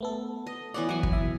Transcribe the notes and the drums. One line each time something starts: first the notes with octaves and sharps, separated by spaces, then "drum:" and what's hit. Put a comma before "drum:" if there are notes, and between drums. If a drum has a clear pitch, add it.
A3 B3 A4
D#5
E3 B3 C#5 D5 F#5
E3 F#3 F#5 G#5
drum: kick
B2 E5